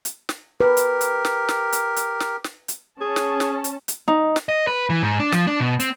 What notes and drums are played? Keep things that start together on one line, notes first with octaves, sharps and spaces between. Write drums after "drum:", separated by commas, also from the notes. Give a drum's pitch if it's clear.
drum: hi-hat
drum: snare
G4 A#4 B4
drum: hi-hat
drum: hi-hat
drum: snare
drum: snare
drum: hi-hat
drum: hi-hat
drum: snare
drum: snare
drum: hi-hat
C#4 G#4 A5
drum: snare
drum: snare
drum: hi-hat
drum: hi-hat
D#4
drum: snare
D#5
B4
E3
G#2
D4
F3, drum: snare
D4
B2
C4, drum: hi-hat